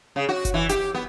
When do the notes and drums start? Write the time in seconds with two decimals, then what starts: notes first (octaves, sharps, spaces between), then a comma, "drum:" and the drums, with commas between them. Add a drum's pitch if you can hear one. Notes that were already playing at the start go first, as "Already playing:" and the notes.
0.16 C#3
0.29 F#4
0.45 drum: kick F#1, hi-hat
0.54 E3
0.69 G4, drum: hi-hat
0.95 B3